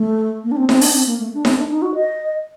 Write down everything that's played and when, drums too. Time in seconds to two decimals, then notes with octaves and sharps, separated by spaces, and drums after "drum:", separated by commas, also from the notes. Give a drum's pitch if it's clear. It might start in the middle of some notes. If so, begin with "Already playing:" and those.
Already playing: A3
0.44 A#3
0.51 D4
0.57 C4
0.69 C4, drum: snare D#4
0.81 D4, drum: open hi-hat
0.94 C4
1.06 A#3
1.19 A3
1.34 D4
1.45 C4, drum: snare D#4
1.57 D4
1.70 D#4
1.82 F#4
1.95 D#5